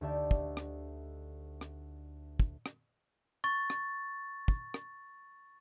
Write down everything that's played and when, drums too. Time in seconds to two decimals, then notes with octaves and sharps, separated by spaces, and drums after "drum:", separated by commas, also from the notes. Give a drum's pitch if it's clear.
0.01 D2 D#4 G4 D5 E5 A5
0.31 drum: kick
0.57 drum: rim click
1.61 drum: rim click
2.40 drum: kick
2.66 drum: rim click
3.44 C#6 A6
3.70 drum: rim click
4.48 drum: kick
4.74 drum: rim click